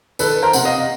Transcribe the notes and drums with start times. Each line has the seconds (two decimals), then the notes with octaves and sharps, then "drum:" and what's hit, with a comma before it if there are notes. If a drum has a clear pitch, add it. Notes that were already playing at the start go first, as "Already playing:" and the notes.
0.19 D#3 A4 B4, drum: tambourine
0.42 A#4 C5
0.53 C3 F#5, drum: tambourine
0.65 D#5 F5